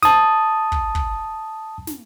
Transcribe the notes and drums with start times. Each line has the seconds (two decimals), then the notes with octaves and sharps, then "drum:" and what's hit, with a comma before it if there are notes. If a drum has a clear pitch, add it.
0.03 A5 D#6, drum: snare
0.72 drum: kick
0.95 drum: kick
1.87 drum: snare